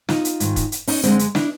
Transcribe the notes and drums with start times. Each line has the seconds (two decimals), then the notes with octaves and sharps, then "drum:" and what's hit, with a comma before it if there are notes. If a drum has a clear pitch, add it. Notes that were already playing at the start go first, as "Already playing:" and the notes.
0.09 D#4 F4, drum: snare
0.25 drum: hi-hat
0.40 G#2 D#3 G#3, drum: hi-hat
0.56 drum: kick, hi-hat
0.72 drum: hi-hat
0.87 C#4 D#4, drum: open hi-hat
1.03 F#2 D3 F3 G#3 C4 D4, drum: hi-hat
1.19 drum: hi-hat
1.35 D4 E4, drum: snare